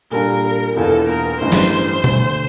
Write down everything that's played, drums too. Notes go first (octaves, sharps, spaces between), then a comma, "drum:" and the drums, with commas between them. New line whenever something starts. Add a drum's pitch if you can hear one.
A#2 G3 D4 F4 A4 A#4
E1 E2 E3 A#3 F4 A4
A#4
A1 G2 E3 A3 C5
drum: snare
D2 D3 A3, drum: tom B2